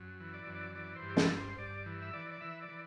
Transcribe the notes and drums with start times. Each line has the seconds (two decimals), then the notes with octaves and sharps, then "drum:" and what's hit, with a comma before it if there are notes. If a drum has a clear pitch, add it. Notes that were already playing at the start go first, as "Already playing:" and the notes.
Already playing: F#2
0.20 E3
0.34 D5
0.47 F#2
0.55 D5
0.75 E3 D5
0.96 C5
1.03 G2
1.10 G4
1.17 A4, drum: snare
1.31 G2
1.37 C5
1.58 G2 D5
1.86 E3
2.02 E5
2.13 E3 D5
2.32 D5
2.41 E3 E5
2.62 D5
2.68 E3